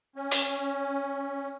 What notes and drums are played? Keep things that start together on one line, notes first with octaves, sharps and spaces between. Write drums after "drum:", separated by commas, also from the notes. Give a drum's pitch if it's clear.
C#4
drum: hi-hat